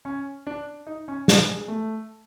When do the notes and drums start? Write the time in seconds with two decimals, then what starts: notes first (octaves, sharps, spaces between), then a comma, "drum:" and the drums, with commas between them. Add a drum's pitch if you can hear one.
0.05 C#4
0.47 D4
0.87 D#4
1.08 C#4
1.28 G#3, drum: snare
1.49 G#3
1.68 A3